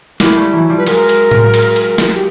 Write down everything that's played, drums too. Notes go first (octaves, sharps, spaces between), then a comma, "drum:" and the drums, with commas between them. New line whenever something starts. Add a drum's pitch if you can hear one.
G#3 A#3 E4, drum: snare
G3 A3
E3 F#3
F3 G3
B4
F#3 G#3 A#4, drum: cymbal
drum: cymbal
drum: tom A2
drum: cymbal
drum: cymbal
drum: snare
G4